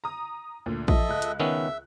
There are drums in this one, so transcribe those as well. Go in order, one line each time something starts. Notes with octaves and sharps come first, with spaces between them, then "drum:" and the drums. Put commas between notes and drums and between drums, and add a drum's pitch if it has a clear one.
A#5 D#6
D2 A#2
F3 A4 D#5 E5, drum: kick
C#2 F#6
drum: hi-hat
D#3 B3 C#4 E5